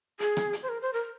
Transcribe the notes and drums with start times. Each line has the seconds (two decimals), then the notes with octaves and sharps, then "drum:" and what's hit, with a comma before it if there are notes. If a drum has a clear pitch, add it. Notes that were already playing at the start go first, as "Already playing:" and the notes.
0.20 G#4, drum: hi-hat
0.37 drum: rim click
0.53 drum: hi-hat
0.63 C5
0.69 A#4
0.82 C5
0.93 A#4